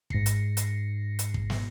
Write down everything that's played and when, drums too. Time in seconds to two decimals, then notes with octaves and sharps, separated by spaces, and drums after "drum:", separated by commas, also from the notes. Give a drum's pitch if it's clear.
0.10 G#2 A#6 C7 C#7, drum: kick
0.26 drum: hi-hat
0.57 drum: hi-hat
1.19 drum: hi-hat
1.34 drum: kick
1.50 drum: snare